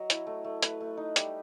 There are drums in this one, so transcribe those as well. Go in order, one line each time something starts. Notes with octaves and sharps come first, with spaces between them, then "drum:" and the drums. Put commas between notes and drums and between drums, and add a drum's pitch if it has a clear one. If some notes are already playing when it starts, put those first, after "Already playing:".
Already playing: F#3 D#5
E4, drum: hi-hat
A3
A3
A3 B4, drum: hi-hat
A3
D#4
G3 G4, drum: hi-hat